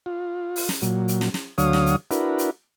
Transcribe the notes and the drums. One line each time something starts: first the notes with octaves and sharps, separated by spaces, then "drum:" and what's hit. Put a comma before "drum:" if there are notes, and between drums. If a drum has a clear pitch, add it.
F4
drum: open hi-hat
drum: snare
A#2 F#3, drum: hi-hat
drum: hi-hat
drum: snare
drum: snare
D2 D3 F#3 C#5 F5 D#6, drum: hi-hat
drum: snare
drum: hi-hat
D4 E4 F#4 A#4 B4, drum: hi-hat
drum: hi-hat